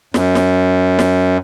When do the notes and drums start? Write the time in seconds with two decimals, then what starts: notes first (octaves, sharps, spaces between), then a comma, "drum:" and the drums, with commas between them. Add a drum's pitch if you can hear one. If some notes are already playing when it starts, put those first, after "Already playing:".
0.14 F#2, drum: snare
0.35 drum: snare
0.99 drum: snare